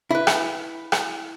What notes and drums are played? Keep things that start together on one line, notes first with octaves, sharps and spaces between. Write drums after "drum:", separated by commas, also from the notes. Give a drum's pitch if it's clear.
E4 B4
drum: rim click
drum: rim click